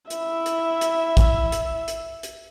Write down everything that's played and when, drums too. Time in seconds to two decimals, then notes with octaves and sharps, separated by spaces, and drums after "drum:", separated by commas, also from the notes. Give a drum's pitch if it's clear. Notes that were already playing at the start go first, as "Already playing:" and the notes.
0.10 E4 E5, drum: hi-hat
0.46 drum: hi-hat
0.81 drum: hi-hat
1.17 drum: kick, hi-hat
1.52 drum: hi-hat
1.88 drum: hi-hat
2.23 drum: hi-hat